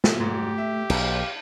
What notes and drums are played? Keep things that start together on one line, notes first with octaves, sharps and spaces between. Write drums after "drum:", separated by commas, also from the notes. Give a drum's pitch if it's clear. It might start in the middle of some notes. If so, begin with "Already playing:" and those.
drum: snare
G#2 F#3 A3 G4
E5
B1 F5, drum: cymbal